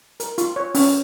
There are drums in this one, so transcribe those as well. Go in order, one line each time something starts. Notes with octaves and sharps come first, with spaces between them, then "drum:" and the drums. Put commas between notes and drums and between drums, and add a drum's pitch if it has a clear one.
A#4, drum: hi-hat
F4, drum: hi-hat
C#5
C#4, drum: open hi-hat